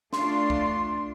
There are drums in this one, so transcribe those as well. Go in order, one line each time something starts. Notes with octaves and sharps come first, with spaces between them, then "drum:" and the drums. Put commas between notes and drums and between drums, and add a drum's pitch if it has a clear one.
A3 D4 F4 C6, drum: snare
drum: kick C2